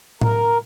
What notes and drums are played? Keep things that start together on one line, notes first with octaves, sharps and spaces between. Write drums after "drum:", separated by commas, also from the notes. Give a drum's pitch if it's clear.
A#4, drum: tom A2